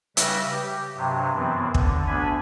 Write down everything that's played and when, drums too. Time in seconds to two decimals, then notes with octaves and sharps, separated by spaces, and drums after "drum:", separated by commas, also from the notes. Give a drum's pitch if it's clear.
0.17 C#3 G3 B4 E5 D6 A#6, drum: hi-hat
0.51 G4
0.96 G2 C3 F#3
1.34 F#2 E3 B3 C4
1.74 D3, drum: kick
2.07 D2 B3 D4 G#5 B5